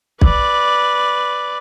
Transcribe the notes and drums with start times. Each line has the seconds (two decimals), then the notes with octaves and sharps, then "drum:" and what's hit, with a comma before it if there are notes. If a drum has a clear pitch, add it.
0.21 B4 D5, drum: kick B1